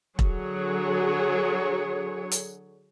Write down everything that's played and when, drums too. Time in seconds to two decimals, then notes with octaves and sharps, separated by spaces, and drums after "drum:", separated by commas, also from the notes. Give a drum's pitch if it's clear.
0.19 D3 F#3 G#4 C#5, drum: kick E1
2.32 drum: hi-hat